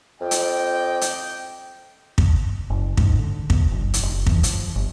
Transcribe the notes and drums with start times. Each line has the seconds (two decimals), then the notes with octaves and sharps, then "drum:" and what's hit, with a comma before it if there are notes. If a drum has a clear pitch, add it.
0.21 F2 D5 D#5 G5
0.31 drum: hi-hat
1.01 drum: hi-hat
2.18 drum: kick
2.70 F#1
2.97 G#2, drum: kick
3.19 D3
3.50 B1, drum: kick
3.72 F#1
3.94 drum: hi-hat
4.03 F1
4.26 E3, drum: kick
4.43 F3, drum: hi-hat
4.76 G1